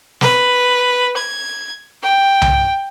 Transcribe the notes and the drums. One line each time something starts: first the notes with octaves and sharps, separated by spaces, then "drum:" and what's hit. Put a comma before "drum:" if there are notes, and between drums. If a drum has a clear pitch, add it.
B4, drum: snare
G#6
G5
drum: tom C2